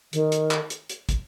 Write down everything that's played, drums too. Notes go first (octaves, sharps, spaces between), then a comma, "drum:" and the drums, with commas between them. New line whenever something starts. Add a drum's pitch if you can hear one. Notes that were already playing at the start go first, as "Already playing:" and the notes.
D#3, drum: hi-hat
drum: hi-hat
drum: clap
drum: hi-hat
drum: hi-hat
drum: kick, hi-hat